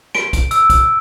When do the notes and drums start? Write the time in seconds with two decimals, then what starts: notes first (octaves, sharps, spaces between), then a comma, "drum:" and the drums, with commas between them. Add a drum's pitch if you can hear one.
0.15 D7, drum: rim click
0.33 drum: kick, hi-hat
0.51 E6, drum: hi-hat
0.70 drum: kick, hi-hat